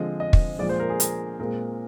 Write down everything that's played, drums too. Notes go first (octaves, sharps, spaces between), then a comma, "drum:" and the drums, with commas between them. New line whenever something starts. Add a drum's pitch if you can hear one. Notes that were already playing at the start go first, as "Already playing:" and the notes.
Already playing: D3 F3 G#3 C4 D#5
D#5
drum: kick
A#2 F3 G#3 D5
C5
A#4
G#4
A#4, drum: hi-hat
A#2 G#3 C4 A#4